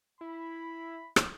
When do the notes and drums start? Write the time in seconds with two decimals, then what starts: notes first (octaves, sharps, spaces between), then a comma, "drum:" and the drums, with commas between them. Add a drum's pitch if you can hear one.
0.21 E4 B5
1.16 drum: rim click